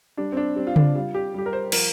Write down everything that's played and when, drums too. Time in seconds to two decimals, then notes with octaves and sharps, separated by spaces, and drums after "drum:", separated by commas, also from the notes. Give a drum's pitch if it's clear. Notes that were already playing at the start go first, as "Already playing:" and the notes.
0.17 G3 D4
0.32 C4
0.37 D4
0.56 G3 C4
0.67 F4
0.76 D4, drum: tom C#3
0.95 G3 F4
1.14 G4
1.34 G3 G4
1.46 A#4
1.53 C5
1.72 F3 A#4, drum: cymbal